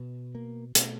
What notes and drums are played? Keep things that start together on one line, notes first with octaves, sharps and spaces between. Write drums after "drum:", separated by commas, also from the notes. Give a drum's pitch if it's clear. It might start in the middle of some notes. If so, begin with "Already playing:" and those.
Already playing: B2
A#3
B2 A3, drum: hi-hat